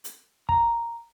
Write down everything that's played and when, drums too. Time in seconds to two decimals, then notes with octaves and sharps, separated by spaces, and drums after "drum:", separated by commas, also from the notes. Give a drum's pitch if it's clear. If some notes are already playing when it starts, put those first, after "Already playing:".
0.04 drum: hi-hat
0.49 A#5, drum: kick